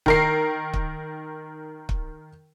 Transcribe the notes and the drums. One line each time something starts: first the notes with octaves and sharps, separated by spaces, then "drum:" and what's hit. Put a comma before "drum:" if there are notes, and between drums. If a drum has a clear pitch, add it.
D#3 A#4 C7, drum: kick
drum: kick
drum: kick